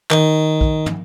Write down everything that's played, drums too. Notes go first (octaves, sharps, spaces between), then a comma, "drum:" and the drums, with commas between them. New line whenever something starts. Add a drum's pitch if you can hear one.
D#3, drum: clap
drum: kick
drum: tom